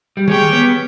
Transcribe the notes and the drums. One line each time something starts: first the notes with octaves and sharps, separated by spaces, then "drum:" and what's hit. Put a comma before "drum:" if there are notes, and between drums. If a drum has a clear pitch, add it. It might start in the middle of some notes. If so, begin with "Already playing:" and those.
G3
G3 G#3 C#4 G4 C#5 G5, drum: tom D#3
B3